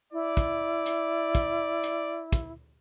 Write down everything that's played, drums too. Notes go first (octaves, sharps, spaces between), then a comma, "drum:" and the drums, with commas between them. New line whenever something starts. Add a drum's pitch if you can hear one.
E4 D5
drum: kick, hi-hat
drum: hi-hat
drum: kick, hi-hat
drum: hi-hat
drum: kick, hi-hat